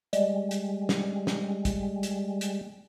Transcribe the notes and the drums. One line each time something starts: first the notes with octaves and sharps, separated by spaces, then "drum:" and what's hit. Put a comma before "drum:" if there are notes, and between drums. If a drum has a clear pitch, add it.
G3 G#3, drum: hi-hat
drum: hi-hat
drum: snare
drum: snare
drum: kick, hi-hat
drum: hi-hat
drum: hi-hat